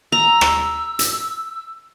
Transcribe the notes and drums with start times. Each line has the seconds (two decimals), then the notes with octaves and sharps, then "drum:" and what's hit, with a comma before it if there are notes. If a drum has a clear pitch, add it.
0.12 A#5 E6
0.41 drum: rim click
0.99 drum: hi-hat